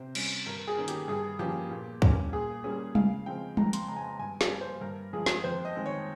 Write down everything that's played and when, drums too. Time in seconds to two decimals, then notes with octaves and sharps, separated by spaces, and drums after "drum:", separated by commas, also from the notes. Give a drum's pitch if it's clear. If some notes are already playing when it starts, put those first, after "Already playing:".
Already playing: C3 C5
0.15 G3 C#4, drum: cymbal
0.46 G2 A#4
0.67 G#4
0.78 D#3 A#3 C#4
0.88 G4, drum: hi-hat
1.08 G2 G#4
1.39 F3 A#3 C#4 G4
1.71 A#2
2.02 G3 A#3 C#4, drum: kick
2.33 A#2 G#4
2.64 G3 A#3 C#4 G#4
2.95 C#3 F5, drum: tom G3
3.26 F3 G#3 C4 G5
3.57 F2 A#5, drum: tom G3
3.73 C6, drum: hi-hat
3.88 C#3 G#3 A#5
3.96 G#5
4.04 A#5
4.19 G2 G#5
4.41 F5, drum: snare
4.51 G3 A#3
4.61 C5
4.81 G2 A#4
5.13 F3 G#3 G#4
5.26 drum: snare
5.44 F2 C5
5.65 D#5
5.75 D#3 G#3 C4
5.86 C#5